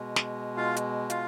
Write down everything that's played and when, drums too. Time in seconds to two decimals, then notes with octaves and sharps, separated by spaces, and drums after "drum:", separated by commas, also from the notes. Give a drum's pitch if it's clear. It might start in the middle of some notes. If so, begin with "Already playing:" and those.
Already playing: B2 G#3
0.16 drum: snare
0.57 F4 F5
0.76 drum: hi-hat
1.10 F4 F5, drum: hi-hat